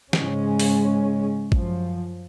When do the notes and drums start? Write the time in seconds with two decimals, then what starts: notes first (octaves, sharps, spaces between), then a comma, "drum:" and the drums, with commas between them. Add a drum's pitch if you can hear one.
0.13 G#2 C#3 G#3 C#4, drum: snare
0.60 drum: open hi-hat
1.52 F#2 F3, drum: kick